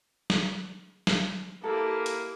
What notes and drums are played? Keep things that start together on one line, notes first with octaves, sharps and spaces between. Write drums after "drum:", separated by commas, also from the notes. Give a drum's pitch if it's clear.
drum: snare
drum: snare
A#3 E4 G4 A4
drum: hi-hat